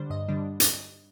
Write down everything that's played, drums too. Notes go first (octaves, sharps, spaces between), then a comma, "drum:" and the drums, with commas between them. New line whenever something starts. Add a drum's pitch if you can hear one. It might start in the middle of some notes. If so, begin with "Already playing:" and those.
Already playing: D3 G3 D4 C5
G2 D#5
D3 G3 D4
drum: hi-hat